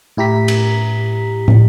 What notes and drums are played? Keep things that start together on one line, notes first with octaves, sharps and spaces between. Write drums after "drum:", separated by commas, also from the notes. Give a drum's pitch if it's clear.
A2 E4 G4 A#5 B6
drum: cymbal
drum: tom